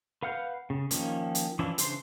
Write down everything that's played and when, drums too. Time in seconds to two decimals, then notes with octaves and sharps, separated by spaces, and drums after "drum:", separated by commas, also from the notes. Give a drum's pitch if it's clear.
0.23 B4 F5 F#5 F6 G6
0.70 C#3
0.91 D#3 F3 A#3 C#4, drum: hi-hat
1.35 drum: hi-hat
1.59 E3 F3 C#4 D4 E4
1.78 C#3 E3 D4 C5 C6, drum: hi-hat